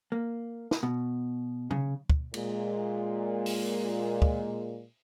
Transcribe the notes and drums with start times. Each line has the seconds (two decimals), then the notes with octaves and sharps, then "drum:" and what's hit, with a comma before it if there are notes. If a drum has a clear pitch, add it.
0.12 A#3
0.71 drum: snare
0.83 B2
1.71 C#3, drum: tom C3
2.10 drum: kick
2.34 A#2 G#3, drum: cymbal
3.46 drum: open hi-hat
4.22 drum: kick